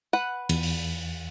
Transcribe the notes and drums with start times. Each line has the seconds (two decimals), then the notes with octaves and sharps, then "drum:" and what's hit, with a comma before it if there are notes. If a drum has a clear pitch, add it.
0.13 B4 F#5
0.49 E2, drum: cymbal
0.63 drum: open hi-hat